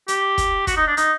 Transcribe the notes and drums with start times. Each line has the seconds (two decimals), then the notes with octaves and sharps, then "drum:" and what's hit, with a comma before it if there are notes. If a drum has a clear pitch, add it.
0.08 G4, drum: hi-hat
0.38 drum: kick, hi-hat
0.67 F#4, drum: kick, hi-hat
0.77 D#4
0.87 D4
0.97 D#4, drum: hi-hat